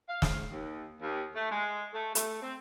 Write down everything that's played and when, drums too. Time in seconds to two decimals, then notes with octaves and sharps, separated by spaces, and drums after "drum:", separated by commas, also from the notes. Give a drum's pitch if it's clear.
0.09 F5
0.22 drum: snare
0.51 D#2
1.01 D#2
1.35 A3
1.51 G#3
1.94 A3
2.15 A3, drum: hi-hat
2.41 C4